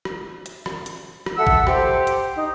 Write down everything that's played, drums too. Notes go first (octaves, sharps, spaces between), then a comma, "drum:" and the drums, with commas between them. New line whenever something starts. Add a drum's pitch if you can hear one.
drum: rim click
drum: hi-hat
drum: rim click
drum: hi-hat
drum: rim click
A4 E5 F#5 E6
drum: kick
G4 C5, drum: rim click
drum: hi-hat
D#4